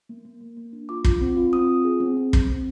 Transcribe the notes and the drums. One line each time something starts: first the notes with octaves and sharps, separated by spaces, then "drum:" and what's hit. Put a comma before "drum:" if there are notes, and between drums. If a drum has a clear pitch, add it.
A#3
A#3
A#3
A#3
D4
F4 D6
F4, drum: kick
C4
F4
C4 D#6
F4
G#4
C4
C4
C4, drum: kick
C4